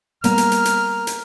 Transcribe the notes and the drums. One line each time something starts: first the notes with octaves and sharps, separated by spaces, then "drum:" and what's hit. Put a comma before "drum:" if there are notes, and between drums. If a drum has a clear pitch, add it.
G3 A#3 B3 A#4 A#5 F6, drum: hi-hat
drum: hi-hat
drum: hi-hat
drum: hi-hat
drum: hi-hat